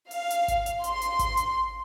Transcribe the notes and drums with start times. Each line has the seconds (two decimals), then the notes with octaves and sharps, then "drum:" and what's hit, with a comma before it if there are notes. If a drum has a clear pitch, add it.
0.11 F5, drum: open hi-hat
0.30 drum: hi-hat
0.48 drum: kick G#1, hi-hat
0.66 drum: hi-hat
0.84 C6, drum: hi-hat
1.02 drum: hi-hat
1.19 drum: kick G#1, hi-hat
1.37 drum: hi-hat